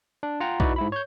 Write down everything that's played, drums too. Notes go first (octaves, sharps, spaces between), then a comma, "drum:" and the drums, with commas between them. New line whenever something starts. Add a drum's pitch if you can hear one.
D4
F4 F#5 G5 A#5
D#4 E4 F#4 B4 D5, drum: kick B1
G#2 E4 B5
C#5 G6